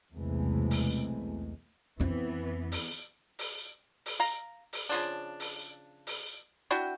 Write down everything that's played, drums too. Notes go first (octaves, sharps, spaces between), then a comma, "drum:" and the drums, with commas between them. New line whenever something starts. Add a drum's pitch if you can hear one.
B1 E2 C3 E3 G#3 A3
drum: open hi-hat
F2 E3 B3 C4
drum: open hi-hat
drum: open hi-hat
drum: open hi-hat
F5 A#5
drum: open hi-hat
C#3 F3 D4
drum: open hi-hat
drum: open hi-hat
D4 E4 F#4 G5